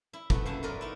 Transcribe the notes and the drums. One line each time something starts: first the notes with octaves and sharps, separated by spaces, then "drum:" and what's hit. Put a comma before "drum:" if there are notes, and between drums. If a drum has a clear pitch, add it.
E4
A3 B3, drum: kick
F#2 A#3 A4 E5 A5
A2 B3 F4 A#4 D5 D#5
D#4 E4